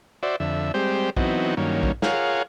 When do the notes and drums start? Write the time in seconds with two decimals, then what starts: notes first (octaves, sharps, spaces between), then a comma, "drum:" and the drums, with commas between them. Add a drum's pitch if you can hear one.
0.23 F#4 C5 D5 E5
0.40 F2 D3 E5
0.74 G3 G#3 C4 G4 C5
1.17 E3 F#3 B3 C4 D#4 F#4, drum: kick A#1
1.57 G2 D#3 F#3 A#3 C#4
1.83 drum: kick A#1
2.02 F4 G#4 A#4 C#5 F5 F#5, drum: snare